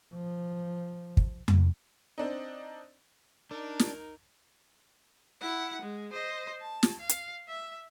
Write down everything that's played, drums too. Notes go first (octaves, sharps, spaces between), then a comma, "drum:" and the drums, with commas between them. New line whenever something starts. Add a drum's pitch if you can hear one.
F3
drum: kick
drum: tom F2
C4 D4 D#4
D4 D#4 A#4
drum: snare
E4 F#5
G#3
C5 D#5
A5
drum: snare
F5
drum: hi-hat
E5